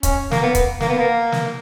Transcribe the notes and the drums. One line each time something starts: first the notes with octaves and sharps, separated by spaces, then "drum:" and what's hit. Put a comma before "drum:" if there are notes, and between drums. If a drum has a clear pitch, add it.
C#4, drum: kick, hi-hat
A#3, drum: snare
B3
drum: kick, hi-hat
A#3, drum: snare
B3
A#3
drum: snare